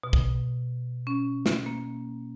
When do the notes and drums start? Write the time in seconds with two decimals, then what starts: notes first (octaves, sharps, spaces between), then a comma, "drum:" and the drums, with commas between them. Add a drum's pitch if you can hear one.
0.03 B2
0.13 drum: kick
1.07 C#4
1.46 drum: snare
1.66 A#3